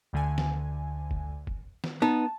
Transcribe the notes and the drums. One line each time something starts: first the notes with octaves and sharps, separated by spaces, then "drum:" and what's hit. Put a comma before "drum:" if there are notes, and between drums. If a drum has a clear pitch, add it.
D2 D3 G#5
drum: snare
drum: kick
drum: kick
drum: snare
B3 D#4 A5